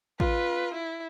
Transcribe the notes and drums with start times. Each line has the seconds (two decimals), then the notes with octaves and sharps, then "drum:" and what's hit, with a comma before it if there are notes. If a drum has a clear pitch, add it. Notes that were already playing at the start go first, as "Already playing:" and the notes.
0.20 F4 B4, drum: kick A1
0.74 E4